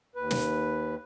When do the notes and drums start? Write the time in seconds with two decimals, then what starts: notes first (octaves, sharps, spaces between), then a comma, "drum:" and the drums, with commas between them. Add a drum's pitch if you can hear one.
0.16 D#2 B4
0.31 drum: snare